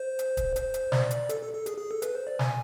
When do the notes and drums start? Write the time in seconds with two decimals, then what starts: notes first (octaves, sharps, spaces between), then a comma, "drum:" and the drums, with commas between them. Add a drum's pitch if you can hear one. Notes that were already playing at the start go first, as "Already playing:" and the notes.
Already playing: C5
0.19 drum: hi-hat
0.37 drum: kick, hi-hat
0.56 C5, drum: hi-hat
0.74 drum: hi-hat
0.92 D5, drum: snare
1.11 drum: hi-hat
1.29 A4, drum: hi-hat
1.42 A4
1.54 A4
1.66 G#4, drum: hi-hat
1.78 G#4
1.91 A4
2.02 B4, drum: hi-hat
2.15 C5
2.27 D5
2.39 G#5, drum: snare